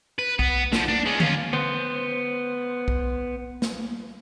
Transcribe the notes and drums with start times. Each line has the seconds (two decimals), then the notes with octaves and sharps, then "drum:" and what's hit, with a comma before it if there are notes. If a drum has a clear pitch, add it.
0.18 B4
0.39 B3, drum: kick B1
0.73 D3 F3, drum: snare
0.88 D4
1.06 G#3 C#4
1.20 C#4 F4, drum: tom D3
1.53 B3 C5
2.88 drum: kick B1
3.62 drum: snare